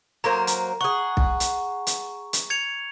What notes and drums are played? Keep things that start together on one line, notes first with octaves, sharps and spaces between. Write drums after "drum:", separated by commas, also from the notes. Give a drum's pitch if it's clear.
F#3 A#3 C5 A#5
drum: hi-hat
G#4 F#5 C#6
drum: kick B1
drum: hi-hat
drum: hi-hat
drum: hi-hat
G#6 C#7 F7